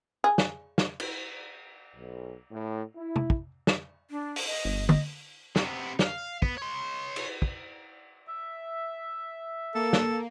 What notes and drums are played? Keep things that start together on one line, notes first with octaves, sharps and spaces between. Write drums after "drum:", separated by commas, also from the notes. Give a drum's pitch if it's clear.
G#4
drum: snare
drum: snare
drum: cymbal
B1
A2
E4
drum: tom
drum: kick
drum: snare
D4
drum: open hi-hat
D#5
G1
D#5, drum: tom D3
C3 B3, drum: snare
F5, drum: snare
B3, drum: kick
C#5 C6
drum: cymbal
drum: kick
E5
A#3 A4
drum: snare